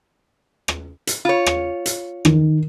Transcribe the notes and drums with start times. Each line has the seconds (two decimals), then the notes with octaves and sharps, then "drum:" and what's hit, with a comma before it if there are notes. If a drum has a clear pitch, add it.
0.68 drum: rim click
1.07 drum: hi-hat
1.25 F4 C#5
1.46 drum: rim click
1.86 drum: hi-hat
2.25 D#3, drum: rim click